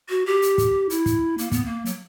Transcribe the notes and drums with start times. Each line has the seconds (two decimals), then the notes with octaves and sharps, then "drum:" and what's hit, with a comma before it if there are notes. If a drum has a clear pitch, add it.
0.10 F#4
0.26 G4
0.42 drum: hi-hat
0.58 drum: kick, hi-hat
0.90 E4, drum: hi-hat
1.06 drum: kick, hi-hat
1.38 A#3, drum: hi-hat
1.52 B3, drum: kick, hi-hat
1.65 A#3
1.86 F#3, drum: hi-hat